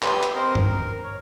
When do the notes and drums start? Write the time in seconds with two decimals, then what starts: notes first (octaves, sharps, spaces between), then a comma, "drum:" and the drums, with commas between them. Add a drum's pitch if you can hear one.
0.03 G4 B4 C6 D#6 E6 G6, drum: clap
0.23 drum: hi-hat
0.35 C4 A#4 C5 D#5
0.55 A#4, drum: tom
1.04 C#5